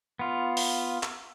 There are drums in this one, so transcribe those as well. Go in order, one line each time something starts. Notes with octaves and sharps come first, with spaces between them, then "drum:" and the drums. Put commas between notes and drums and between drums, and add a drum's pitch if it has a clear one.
B3 F4
drum: open hi-hat
drum: clap